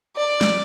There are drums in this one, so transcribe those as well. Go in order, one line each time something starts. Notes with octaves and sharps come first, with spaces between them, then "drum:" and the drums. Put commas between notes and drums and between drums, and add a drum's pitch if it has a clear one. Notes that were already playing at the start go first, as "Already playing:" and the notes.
D5
drum: snare